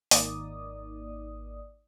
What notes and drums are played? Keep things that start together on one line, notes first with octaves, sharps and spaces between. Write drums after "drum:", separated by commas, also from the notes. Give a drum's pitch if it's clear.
G#1 A#3 D#4 D5 D#6, drum: open hi-hat